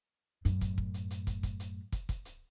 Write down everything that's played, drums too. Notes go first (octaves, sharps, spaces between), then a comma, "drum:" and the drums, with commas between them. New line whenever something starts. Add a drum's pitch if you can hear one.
F#2 A2, drum: hi-hat
drum: kick, hi-hat
drum: kick
drum: hi-hat
drum: hi-hat
drum: kick, hi-hat
drum: kick, hi-hat
drum: hi-hat
drum: kick, hi-hat
drum: kick, hi-hat
drum: hi-hat